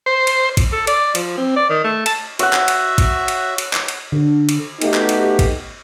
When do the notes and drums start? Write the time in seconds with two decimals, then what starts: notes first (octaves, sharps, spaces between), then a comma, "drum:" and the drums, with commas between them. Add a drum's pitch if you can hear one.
0.06 C5
0.27 drum: cymbal
0.57 drum: kick A1, cymbal
0.72 A4
0.87 D5, drum: cymbal
1.15 F3, drum: cymbal
1.38 C4
1.56 D5
1.70 D#3
1.84 A3
2.06 A5, drum: cymbal
2.39 F#4 C#5 E5 F#5, drum: cymbal
2.53 drum: clap
2.68 drum: cymbal
2.98 drum: kick A1, cymbal
3.28 drum: cymbal
3.58 drum: cymbal
3.73 drum: clap
3.88 drum: cymbal
4.12 D3
4.49 drum: cymbal
4.81 A3 B3 D#4 F#4 G4, drum: cymbal
4.94 drum: clap
5.09 drum: cymbal
5.39 drum: kick A1, cymbal